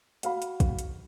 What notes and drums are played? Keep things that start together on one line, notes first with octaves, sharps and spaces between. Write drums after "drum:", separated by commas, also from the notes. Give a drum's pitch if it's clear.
F#4 F5 B5, drum: hi-hat
drum: hi-hat
drum: kick, hi-hat
drum: hi-hat